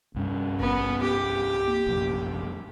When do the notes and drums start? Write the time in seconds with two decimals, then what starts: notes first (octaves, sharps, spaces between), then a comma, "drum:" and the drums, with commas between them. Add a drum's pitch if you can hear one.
0.14 C2 G2 C#4
0.60 B3, drum: kick G#1
1.02 G4
1.68 drum: tom A#3
1.86 F1 A#1 F#2